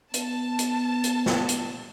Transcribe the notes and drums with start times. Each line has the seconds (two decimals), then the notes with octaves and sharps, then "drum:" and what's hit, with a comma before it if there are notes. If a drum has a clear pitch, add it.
0.14 B3 A5, drum: hi-hat
0.59 drum: hi-hat
1.04 drum: hi-hat
1.26 drum: snare
1.49 drum: hi-hat